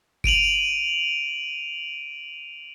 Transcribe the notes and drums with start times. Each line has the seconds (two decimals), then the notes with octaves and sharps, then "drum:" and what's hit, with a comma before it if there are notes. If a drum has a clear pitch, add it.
0.24 D7 D#7 F7 F#7, drum: kick G1